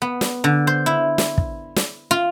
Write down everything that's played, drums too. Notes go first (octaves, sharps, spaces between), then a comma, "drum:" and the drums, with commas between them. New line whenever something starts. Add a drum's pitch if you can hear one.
B3
drum: snare
D3
C5
E4
drum: snare
drum: kick
drum: snare
F4